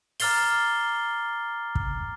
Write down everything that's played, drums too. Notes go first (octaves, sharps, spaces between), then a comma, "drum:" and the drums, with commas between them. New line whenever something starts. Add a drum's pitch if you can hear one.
A#5 D6 F6 A6 C7 G7, drum: open hi-hat
drum: kick